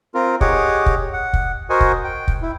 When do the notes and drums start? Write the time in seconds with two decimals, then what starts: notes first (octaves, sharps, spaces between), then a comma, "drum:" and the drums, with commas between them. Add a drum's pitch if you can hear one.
0.14 C4 F4 A#4
0.41 G4 G#4 C#5 D#5 F#5 D6, drum: kick
0.86 drum: kick
1.13 F#5
1.33 drum: kick
1.70 F#4 A#4 C5 D#5 F#5 G#5
1.80 drum: kick
2.04 G5
2.28 drum: kick
2.42 E4